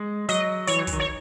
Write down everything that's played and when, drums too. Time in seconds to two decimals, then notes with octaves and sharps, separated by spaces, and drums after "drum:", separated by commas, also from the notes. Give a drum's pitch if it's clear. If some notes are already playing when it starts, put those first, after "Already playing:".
Already playing: G#3
0.29 F#3 D#5, drum: hi-hat
0.67 E3 C#5, drum: hi-hat
0.80 F#3
0.87 E3, drum: kick, hi-hat
0.93 D#3
1.00 C#5